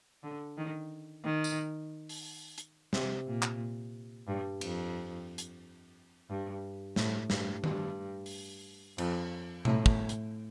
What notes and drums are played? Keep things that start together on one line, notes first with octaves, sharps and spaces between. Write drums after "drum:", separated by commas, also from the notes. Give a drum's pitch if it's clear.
D3
D#3
D#3
drum: tambourine
drum: open hi-hat
drum: hi-hat
C3, drum: snare
A#2
drum: clap
G2
F2, drum: cymbal
drum: hi-hat
G2
A2, drum: snare
G2, drum: snare
G2, drum: tom D#3
drum: open hi-hat
F2, drum: cymbal
A2, drum: tom B2
drum: kick
drum: hi-hat